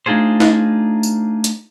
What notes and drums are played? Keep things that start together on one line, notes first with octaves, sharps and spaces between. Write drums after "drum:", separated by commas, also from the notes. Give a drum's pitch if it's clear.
A3 D4 D#4 F4 G#4 C5
drum: snare D#4
drum: tambourine
drum: hi-hat